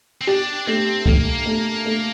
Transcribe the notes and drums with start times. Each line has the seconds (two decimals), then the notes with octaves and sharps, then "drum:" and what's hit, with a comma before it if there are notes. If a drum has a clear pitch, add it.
0.21 C4
0.27 D4 G4
0.67 A3 C4
1.06 A3 A#3, drum: kick C2
1.46 A3
1.86 A3